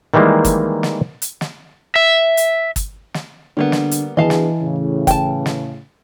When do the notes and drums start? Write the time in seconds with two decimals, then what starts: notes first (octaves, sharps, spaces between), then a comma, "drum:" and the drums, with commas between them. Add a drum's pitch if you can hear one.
0.14 D#3 E3 G3 G#3 A#3
0.45 drum: kick, hi-hat
0.83 drum: snare
1.22 drum: hi-hat
1.41 drum: snare
1.96 E5
2.37 drum: hi-hat
2.76 drum: kick, hi-hat
3.14 drum: snare
3.57 D3 G3 A#3 B3
3.72 drum: snare
3.91 drum: hi-hat
4.17 B2 E3 D4 G#4 D#5 F5 A5
4.30 drum: snare
4.62 A2 C#3
5.07 G5 A5, drum: kick, hi-hat
5.46 drum: snare